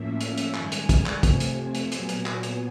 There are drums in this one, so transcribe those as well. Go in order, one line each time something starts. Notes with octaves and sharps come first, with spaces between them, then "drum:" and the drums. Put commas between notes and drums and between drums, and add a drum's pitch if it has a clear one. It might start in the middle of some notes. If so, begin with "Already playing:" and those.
Already playing: A2 F3 A#3 C#4 E5
F5, drum: hi-hat
drum: hi-hat
G2 D#3 G#3 G#5, drum: clap
drum: hi-hat
G#5, drum: kick, hi-hat
drum: clap
F2 C3 F3 A3 C4, drum: kick, hi-hat
drum: hi-hat
G#5
drum: hi-hat
A#2 F#3 B3 G#5, drum: hi-hat
drum: hi-hat
drum: clap
drum: hi-hat